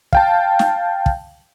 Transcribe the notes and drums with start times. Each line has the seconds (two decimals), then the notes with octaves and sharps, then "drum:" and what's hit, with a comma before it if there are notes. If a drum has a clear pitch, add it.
0.13 F5 G5 A5, drum: kick
0.59 drum: snare
1.06 drum: kick